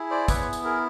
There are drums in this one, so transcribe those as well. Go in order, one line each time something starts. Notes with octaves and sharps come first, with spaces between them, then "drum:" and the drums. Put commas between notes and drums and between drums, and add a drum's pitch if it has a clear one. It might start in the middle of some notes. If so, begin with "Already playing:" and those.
Already playing: E4 G#4
C5 D5
B3 E4 G#4 B4 C#5, drum: kick, tambourine
drum: tambourine
G#4 A#4